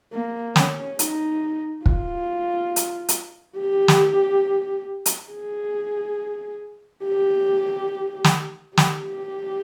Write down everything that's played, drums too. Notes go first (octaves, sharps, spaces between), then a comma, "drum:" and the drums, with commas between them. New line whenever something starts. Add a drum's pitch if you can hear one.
A#3
C#4, drum: snare
D#4, drum: hi-hat
F4, drum: kick
drum: hi-hat
drum: hi-hat
G4
drum: snare
drum: hi-hat
G#4
G4
drum: snare
G4, drum: snare